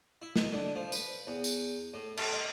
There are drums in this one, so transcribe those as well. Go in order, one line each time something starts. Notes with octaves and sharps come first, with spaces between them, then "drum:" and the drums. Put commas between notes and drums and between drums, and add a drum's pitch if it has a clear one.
E4
D#5, drum: snare
D3
F3
B4, drum: tambourine
E2
drum: tambourine
A2
A3, drum: cymbal
D#5